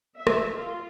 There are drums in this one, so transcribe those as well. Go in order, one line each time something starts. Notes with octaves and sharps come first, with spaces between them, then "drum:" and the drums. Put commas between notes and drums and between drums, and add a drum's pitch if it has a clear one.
E5
drum: rim click
F4